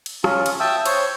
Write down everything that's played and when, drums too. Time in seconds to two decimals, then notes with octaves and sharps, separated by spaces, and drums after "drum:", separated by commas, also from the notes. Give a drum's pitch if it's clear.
0.06 drum: cymbal
0.24 C#4 F4, drum: rim click
0.46 drum: cymbal
0.60 E5 G5 A5 D#6 E6
0.86 C5 C#5, drum: cymbal